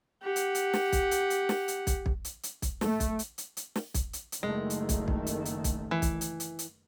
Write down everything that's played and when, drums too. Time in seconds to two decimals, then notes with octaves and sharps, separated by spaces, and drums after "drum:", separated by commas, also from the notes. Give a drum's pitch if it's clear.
0.22 G4 F#5
0.36 drum: hi-hat
0.55 drum: hi-hat
0.74 drum: snare
0.92 drum: kick, hi-hat
1.11 drum: hi-hat
1.30 drum: hi-hat
1.49 drum: snare
1.68 drum: hi-hat
1.87 drum: kick, hi-hat
2.06 drum: kick
2.25 drum: hi-hat
2.43 drum: hi-hat
2.62 drum: kick, hi-hat
2.81 A3, drum: snare
3.00 drum: kick, hi-hat
3.19 drum: hi-hat
3.38 drum: hi-hat
3.57 drum: hi-hat
3.76 drum: snare
3.94 drum: kick, hi-hat
4.13 drum: hi-hat
4.32 drum: hi-hat
4.43 F#1 D#3 G#3 A3
4.70 drum: hi-hat
4.89 drum: kick, hi-hat
5.08 drum: kick
5.27 drum: hi-hat
5.45 drum: hi-hat
5.64 drum: kick, hi-hat
5.91 E3
6.02 drum: kick, hi-hat
6.21 drum: hi-hat
6.40 drum: hi-hat
6.59 drum: hi-hat